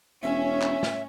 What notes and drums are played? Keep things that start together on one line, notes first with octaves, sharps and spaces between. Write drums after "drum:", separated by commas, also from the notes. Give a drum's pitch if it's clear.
E1 C#4 E5
drum: clap
drum: snare